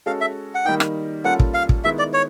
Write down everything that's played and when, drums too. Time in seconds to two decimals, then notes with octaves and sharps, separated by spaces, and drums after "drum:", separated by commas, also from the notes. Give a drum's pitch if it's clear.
0.06 G#3 C#4 F#4 A4 F5
0.21 E5
0.55 F#5
0.65 D#3 G3 A#3 D#4 G5
0.80 drum: rim click
1.24 G3 A#3 C#4 F4 A4 F#5
1.39 drum: kick
1.54 F5
1.69 drum: kick
1.84 D#3 G#3 B3 E4 E5
1.99 D5
2.13 C#5